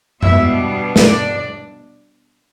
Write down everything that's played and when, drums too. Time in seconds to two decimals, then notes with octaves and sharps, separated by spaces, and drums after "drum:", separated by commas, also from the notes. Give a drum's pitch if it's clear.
0.22 B2 G3 B3 D4 E4 E5, drum: tom F#2
0.96 D4 D5, drum: snare